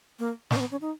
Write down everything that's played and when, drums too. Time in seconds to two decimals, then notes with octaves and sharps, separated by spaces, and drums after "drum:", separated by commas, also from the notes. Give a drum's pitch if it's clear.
0.19 A#3
0.51 A#3, drum: snare
0.56 C#4
0.60 B3
0.71 C#4
0.81 D#4